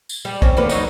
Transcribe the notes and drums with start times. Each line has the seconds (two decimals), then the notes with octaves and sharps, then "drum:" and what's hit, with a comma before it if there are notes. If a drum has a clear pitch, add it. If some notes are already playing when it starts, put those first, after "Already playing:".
0.09 drum: tambourine
0.25 G3
0.42 C4 C#4, drum: kick
0.57 D3 A#3 B4, drum: tom
0.69 F#3 D#4 C#5, drum: tambourine